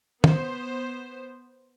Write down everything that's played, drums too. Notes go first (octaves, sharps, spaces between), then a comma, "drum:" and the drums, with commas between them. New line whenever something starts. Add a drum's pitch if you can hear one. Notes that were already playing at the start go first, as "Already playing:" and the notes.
B3 C5, drum: tom